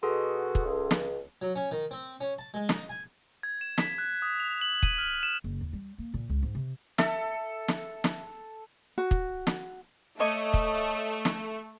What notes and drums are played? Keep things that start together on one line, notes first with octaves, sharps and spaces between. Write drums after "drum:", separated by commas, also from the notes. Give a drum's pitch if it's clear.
B2 F#4 G#4 A4 C6
drum: kick
C#2
drum: snare
F#3
C#4
D#3
C4
C#4
A5
G#3
D#4, drum: snare
G#5
G#6
E7
B6, drum: snare
F#6
D#6
F7
F#7
D#7, drum: kick
F6
E7
F#1
D#2
G3
A#3
A#2
C#2
G#2
C3
A4 E5, drum: snare
drum: snare
drum: snare
F#4
drum: kick
drum: snare
A3 C#5 D#5 C#6
drum: kick
drum: snare